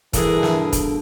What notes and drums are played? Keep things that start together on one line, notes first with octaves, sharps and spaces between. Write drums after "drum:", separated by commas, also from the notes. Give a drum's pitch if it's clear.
G2 B2 D3 E3 G#4 A#4, drum: kick, hi-hat
drum: snare
drum: kick, hi-hat